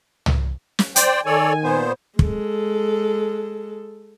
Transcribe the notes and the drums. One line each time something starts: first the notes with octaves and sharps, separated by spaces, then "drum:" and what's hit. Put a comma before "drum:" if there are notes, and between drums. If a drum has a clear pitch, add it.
drum: tom
drum: snare
C5 D5 G5, drum: hi-hat
D#3 A4 C#5 D5 G#5
A#2 B3 C5
G#3 A4, drum: kick